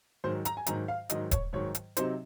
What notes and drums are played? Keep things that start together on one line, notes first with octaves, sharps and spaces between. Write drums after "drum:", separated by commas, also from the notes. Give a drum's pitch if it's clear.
G#2 D#3 F#3 C5
A#5, drum: hi-hat
G#5
G#2 D#3 F#3 A#5, drum: hi-hat
F5
G#2 D#3 F#3 D#5, drum: hi-hat
C#5, drum: kick D#1, hi-hat
G#2 D#3 F#3 C#5
drum: hi-hat
C3 F#3 C4 D#4 C5, drum: hi-hat